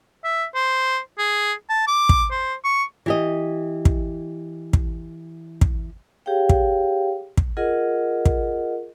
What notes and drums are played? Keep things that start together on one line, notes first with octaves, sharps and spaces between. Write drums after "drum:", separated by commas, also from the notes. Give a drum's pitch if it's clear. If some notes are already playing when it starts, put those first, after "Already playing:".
E5
C5
G#4
A5
D6
drum: kick
C5
C#6
E3 G4 D#5
drum: kick
drum: kick
drum: kick
G4 G#4 C#5 F5 G5
drum: kick
drum: kick
F4 G#4 A#4 D#5 F#5
drum: kick